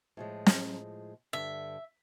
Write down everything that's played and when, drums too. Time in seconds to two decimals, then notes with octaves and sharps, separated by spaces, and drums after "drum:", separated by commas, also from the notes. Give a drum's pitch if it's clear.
0.17 A2 F3 G#3
0.46 drum: snare
1.33 G2 D3 E5